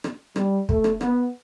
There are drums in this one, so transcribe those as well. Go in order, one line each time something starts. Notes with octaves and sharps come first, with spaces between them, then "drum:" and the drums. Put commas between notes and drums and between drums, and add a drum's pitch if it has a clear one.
drum: rim click
G3, drum: rim click
A3, drum: kick
drum: rim click
B3, drum: rim click